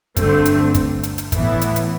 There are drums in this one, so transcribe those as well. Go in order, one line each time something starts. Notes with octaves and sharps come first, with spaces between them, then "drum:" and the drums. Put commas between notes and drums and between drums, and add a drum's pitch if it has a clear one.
G2 D3 A3 C4, drum: kick, hi-hat
drum: hi-hat
drum: kick, hi-hat
drum: hi-hat
drum: hi-hat
A2 E3 B3 E4, drum: kick, hi-hat
drum: hi-hat
drum: hi-hat